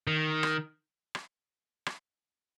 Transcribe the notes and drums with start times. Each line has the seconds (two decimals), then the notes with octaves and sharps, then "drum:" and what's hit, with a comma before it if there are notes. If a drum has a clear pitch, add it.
0.07 D#3
0.43 drum: rim click
1.15 drum: rim click
1.86 drum: rim click